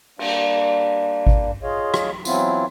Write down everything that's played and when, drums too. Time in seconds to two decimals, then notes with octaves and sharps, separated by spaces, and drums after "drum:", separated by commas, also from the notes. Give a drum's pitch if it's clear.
0.19 G3 A#3 D4, drum: cymbal
1.27 drum: kick G#1
1.63 F4 G#4 C#5 D#5 F5
1.94 drum: rim click
2.25 E3 F#3 B3 C4 E4 F4, drum: tambourine